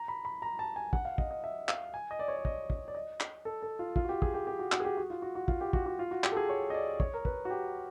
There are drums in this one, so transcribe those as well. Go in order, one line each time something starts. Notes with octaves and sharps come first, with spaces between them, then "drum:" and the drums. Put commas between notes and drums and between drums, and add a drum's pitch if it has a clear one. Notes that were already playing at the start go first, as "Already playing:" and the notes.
Already playing: A#5
B5
B5
A#5
A5
G#5
F#5, drum: kick
F5
D#5, drum: kick
D#5
E5
F5, drum: clap
G#5
D#5
D5
C#5
D5
D#5, drum: kick
drum: kick
D5
D#5
drum: clap
A4
A4
F4
F4, drum: kick
F#4
G4
G#4, drum: kick
G4
G4
F#4
F#4, drum: clap
G#4
G4
F#4
F4
F#4
F#4
F4, drum: kick
G4
F#4, drum: kick
F#4
F4
F#4
G4, drum: clap
A4
G#4
C#5
D#5
D5
C#5, drum: kick
A#4
B4, drum: kick
F#4
G4